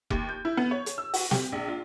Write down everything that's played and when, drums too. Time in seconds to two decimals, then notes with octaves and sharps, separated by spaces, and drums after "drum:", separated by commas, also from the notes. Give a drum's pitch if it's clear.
0.10 D#2, drum: kick F1
0.29 G6
0.45 E4
0.57 B3
0.71 C#5
0.86 drum: hi-hat
0.98 E6
1.14 F#4, drum: open hi-hat
1.31 G4, drum: snare
1.52 A#1
1.68 F4